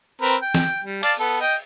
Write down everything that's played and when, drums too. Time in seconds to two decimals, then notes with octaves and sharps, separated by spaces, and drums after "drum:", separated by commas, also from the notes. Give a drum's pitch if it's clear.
0.22 C4 A#4 B4
0.42 G5
0.54 drum: snare
0.84 G3
1.03 D5 F5 A5, drum: cymbal
1.19 B3 A4
1.41 D#5 G5